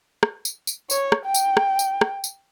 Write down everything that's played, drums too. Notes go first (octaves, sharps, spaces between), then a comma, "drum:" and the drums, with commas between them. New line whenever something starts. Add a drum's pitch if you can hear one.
drum: rim click
drum: tambourine
drum: tambourine
C#5, drum: tambourine
drum: rim click
G5
drum: tambourine
drum: rim click
drum: tambourine
drum: rim click
drum: tambourine